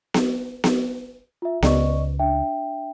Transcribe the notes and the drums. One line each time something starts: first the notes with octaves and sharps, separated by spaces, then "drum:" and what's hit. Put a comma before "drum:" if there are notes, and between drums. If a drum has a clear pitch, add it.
drum: snare B3
drum: snare B3
F4 E5
C#2 D5 D#5 C#6, drum: snare B3
D4 E5 G5